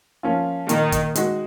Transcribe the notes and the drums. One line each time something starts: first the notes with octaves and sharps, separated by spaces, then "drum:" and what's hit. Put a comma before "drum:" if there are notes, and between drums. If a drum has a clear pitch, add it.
F3 A#3 C#4 F4
A#2 D#3, drum: hi-hat
drum: kick, hi-hat
G#3 D#4 F#4, drum: hi-hat